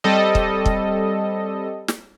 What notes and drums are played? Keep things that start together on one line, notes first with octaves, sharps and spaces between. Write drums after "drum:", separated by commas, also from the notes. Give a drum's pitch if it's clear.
G3 C4 A4 D#5
drum: kick
drum: kick
drum: snare